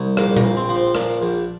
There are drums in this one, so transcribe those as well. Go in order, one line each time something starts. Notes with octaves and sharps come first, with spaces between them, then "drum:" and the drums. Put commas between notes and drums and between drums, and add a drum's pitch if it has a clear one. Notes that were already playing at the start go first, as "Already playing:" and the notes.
Already playing: C2
A#1 A#3, drum: rim click
A#3, drum: tom A#2
A#1
C4
F3
C4
A#2 D4, drum: rim click
A#1